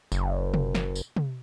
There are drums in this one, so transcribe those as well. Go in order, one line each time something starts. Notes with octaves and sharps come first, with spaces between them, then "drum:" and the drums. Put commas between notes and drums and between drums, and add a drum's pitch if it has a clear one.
F#1, drum: tambourine
drum: tom
drum: snare
drum: tambourine
drum: tom